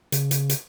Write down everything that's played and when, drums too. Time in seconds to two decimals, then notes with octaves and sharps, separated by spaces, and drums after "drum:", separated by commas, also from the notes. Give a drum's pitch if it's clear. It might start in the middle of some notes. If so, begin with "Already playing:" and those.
0.12 C#3, drum: hi-hat
0.31 drum: hi-hat
0.49 drum: hi-hat